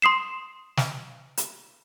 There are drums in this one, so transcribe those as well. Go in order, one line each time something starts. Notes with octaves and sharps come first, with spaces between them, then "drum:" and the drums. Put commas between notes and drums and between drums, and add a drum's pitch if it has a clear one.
C6 D#6 C7 E7
drum: snare
drum: hi-hat